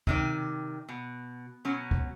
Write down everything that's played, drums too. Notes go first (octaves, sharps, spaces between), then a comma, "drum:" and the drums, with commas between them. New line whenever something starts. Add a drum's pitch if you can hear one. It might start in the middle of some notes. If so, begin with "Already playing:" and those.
C3 D#3 D5, drum: kick
B2
B2 F#3 C#4
drum: kick